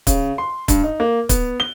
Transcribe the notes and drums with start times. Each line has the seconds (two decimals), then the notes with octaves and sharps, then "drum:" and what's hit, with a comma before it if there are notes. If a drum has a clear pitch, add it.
0.07 C#3, drum: kick, hi-hat
0.38 C6
0.68 G2, drum: kick, hi-hat
0.84 D#4
1.00 A#3
1.29 B3, drum: kick, hi-hat
1.60 G7